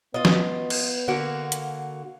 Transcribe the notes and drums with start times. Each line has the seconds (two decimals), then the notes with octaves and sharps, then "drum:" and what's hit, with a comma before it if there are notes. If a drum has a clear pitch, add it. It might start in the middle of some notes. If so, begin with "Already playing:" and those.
0.14 B3 F4 D#5
0.25 drum: snare
0.70 drum: cymbal
1.08 D3 A#3 F#4
1.52 drum: hi-hat